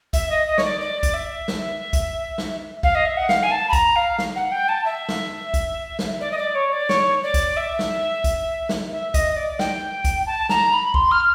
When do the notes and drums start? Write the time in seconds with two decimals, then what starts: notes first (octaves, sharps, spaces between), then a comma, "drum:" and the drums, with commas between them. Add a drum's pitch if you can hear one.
0.13 E5, drum: kick, hi-hat
0.29 D#5
0.47 D#5
0.58 C#5, drum: snare
0.64 D5
0.80 D5
1.03 drum: kick, hi-hat
1.14 E5
1.48 drum: snare
1.93 drum: kick, hi-hat
2.38 drum: snare
2.83 F5, drum: kick
2.95 D#5
3.06 E5
3.17 F#5
3.29 F5, drum: snare
3.43 G#5
3.51 A5
3.69 B5
3.73 A#5, drum: kick, hi-hat
3.96 F5
4.18 drum: snare
4.36 F#5
4.52 G5
4.69 A5
4.86 E5
5.09 drum: snare
5.54 drum: kick, hi-hat
5.99 drum: snare
6.21 D5
6.31 D#5
6.38 D5
6.55 C#5
6.73 D5
6.89 C#5, drum: snare
7.23 D5
7.34 drum: kick, hi-hat
7.57 E5
7.79 drum: snare
8.24 drum: kick, hi-hat
8.69 drum: snare
8.92 E5
9.14 D#5, drum: kick, hi-hat
9.36 D5
9.59 G5, drum: snare
10.04 drum: kick, hi-hat
10.27 A5
10.49 A#5, drum: snare
10.72 B5
10.94 C6, drum: kick
11.11 F6